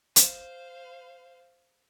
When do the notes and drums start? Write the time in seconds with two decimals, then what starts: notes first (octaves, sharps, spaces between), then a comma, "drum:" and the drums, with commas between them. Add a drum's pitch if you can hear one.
0.16 C5 F5, drum: hi-hat